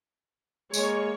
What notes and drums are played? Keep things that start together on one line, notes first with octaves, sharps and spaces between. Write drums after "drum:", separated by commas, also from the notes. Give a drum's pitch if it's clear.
G#3 A#3 C#5, drum: tambourine